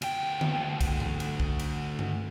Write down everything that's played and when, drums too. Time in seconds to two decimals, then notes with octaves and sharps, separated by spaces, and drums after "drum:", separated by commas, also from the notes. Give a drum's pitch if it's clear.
0.02 D2 G5, drum: cymbal
0.41 drum: tom D3
0.81 drum: kick, cymbal
1.00 drum: tom G#2
1.20 drum: cymbal
1.40 drum: kick
1.59 drum: cymbal
1.99 drum: tom G2